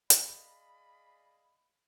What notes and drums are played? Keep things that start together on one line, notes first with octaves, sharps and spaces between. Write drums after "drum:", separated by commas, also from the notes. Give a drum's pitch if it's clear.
G#4 D5 D#5 F5 B5, drum: hi-hat